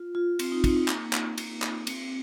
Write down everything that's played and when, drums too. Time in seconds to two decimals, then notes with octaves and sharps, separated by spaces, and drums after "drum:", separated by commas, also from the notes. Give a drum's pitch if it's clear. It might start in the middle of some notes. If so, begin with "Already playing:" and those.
Already playing: F4
0.15 F4
0.39 C4, drum: cymbal
0.52 D#4
0.64 D#4, drum: kick, cymbal
0.77 D#4
0.88 A#3, drum: clap
1.13 drum: clap
1.38 drum: cymbal
1.62 drum: clap
1.87 C4, drum: cymbal